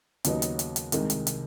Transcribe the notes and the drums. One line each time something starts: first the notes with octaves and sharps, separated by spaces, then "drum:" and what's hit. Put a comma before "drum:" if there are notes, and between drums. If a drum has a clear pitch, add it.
D#2 C#3 F#3 B3 D#4, drum: hi-hat
drum: hi-hat
drum: hi-hat
drum: hi-hat
C2 C3 D#3 G#3, drum: hi-hat
drum: hi-hat
drum: hi-hat